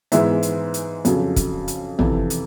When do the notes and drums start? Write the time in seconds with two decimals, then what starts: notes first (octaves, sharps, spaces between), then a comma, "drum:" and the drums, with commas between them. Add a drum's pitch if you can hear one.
0.12 G#2 E3 G#3 B3 E5, drum: hi-hat
0.43 drum: hi-hat
0.74 drum: hi-hat
1.05 F2 C#3 F#3, drum: hi-hat
1.36 drum: kick, hi-hat
1.68 drum: hi-hat
1.99 F2 C3 E3, drum: tom
2.30 drum: hi-hat